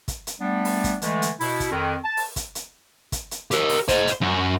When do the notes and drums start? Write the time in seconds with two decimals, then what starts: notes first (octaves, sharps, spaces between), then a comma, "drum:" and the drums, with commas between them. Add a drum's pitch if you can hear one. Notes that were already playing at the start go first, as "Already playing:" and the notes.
0.08 drum: kick, hi-hat
0.27 drum: hi-hat
0.41 G3 A3 B3 D4
0.65 drum: open hi-hat
0.84 drum: kick, hi-hat
1.02 D3 E3 G#3 A3, drum: hi-hat
1.22 drum: hi-hat
1.41 B2 E4, drum: open hi-hat
1.60 drum: kick, hi-hat
1.72 F2 D#3
2.04 A5
2.17 drum: open hi-hat
2.36 drum: kick, hi-hat
2.55 drum: hi-hat
3.12 drum: kick, hi-hat
3.31 drum: hi-hat
3.51 G4 A#4, drum: hi-hat
3.69 drum: open hi-hat
3.88 C5 D#5, drum: kick, hi-hat
4.07 drum: hi-hat
4.21 F#2 F#4